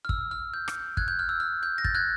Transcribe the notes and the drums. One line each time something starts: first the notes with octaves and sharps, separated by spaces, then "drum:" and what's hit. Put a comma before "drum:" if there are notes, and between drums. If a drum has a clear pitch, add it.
F6
E6, drum: kick
F6
G6
drum: rim click
F#6 G#6, drum: kick
G6
F6
E6
F6
G6
A#6
G6 A6, drum: kick
F#6 G#6